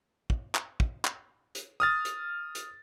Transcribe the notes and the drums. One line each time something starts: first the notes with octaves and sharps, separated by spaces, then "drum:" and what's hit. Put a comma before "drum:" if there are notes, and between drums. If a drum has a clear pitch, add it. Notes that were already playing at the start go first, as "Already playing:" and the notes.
drum: kick
drum: clap
drum: kick
drum: clap
drum: hi-hat
D#6 F6 A6
drum: hi-hat
drum: hi-hat